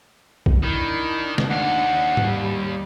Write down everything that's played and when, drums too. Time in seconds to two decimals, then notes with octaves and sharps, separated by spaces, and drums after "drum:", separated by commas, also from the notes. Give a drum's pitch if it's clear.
0.46 drum: kick
0.63 D#3 D4 E4
1.38 drum: snare
1.50 D#2 F5 F#5
2.17 G3, drum: tom G#2